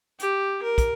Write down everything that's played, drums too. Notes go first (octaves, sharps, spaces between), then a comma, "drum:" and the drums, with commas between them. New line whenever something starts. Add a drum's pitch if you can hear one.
G4, drum: hi-hat
A#4
drum: kick, hi-hat